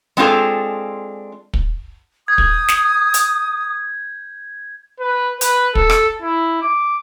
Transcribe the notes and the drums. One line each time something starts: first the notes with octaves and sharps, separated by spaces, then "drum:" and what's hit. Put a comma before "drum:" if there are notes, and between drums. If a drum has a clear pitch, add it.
G#3 C4 D4 F4 G#4 A4
drum: kick
D#6 G6 G#6
drum: kick
drum: snare
drum: hi-hat
B4
B4, drum: hi-hat
A4, drum: kick
drum: rim click
E4
D6